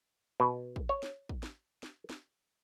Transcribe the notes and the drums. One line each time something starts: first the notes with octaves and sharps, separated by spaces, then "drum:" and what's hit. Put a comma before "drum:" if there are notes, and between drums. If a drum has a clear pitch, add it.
B2
drum: kick
C#5
drum: snare
drum: kick
drum: snare
drum: snare
drum: snare